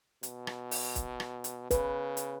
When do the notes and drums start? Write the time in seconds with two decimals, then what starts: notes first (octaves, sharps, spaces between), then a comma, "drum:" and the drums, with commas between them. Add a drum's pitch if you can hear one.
0.23 B2, drum: hi-hat
0.47 drum: rim click
0.71 drum: open hi-hat
0.96 drum: kick, hi-hat
1.20 drum: rim click
1.44 drum: hi-hat
1.71 C#3 B4, drum: kick, hi-hat
2.17 drum: hi-hat